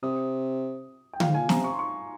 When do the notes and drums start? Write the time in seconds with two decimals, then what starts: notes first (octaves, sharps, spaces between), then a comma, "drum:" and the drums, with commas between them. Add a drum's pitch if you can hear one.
0.03 C3 D#6
1.13 G5
1.20 A#2 F5, drum: tom D3
1.29 G#2
1.34 A#2 G#5
1.49 C3 A#5, drum: snare
1.64 C#6
1.73 C6
1.79 C#6